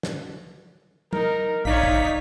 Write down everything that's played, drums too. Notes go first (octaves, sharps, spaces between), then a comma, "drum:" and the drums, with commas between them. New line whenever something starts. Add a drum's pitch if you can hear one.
drum: snare
D#4 A#4, drum: tom
A#1 D#4 C#5 D5 F5 B6, drum: tom
drum: kick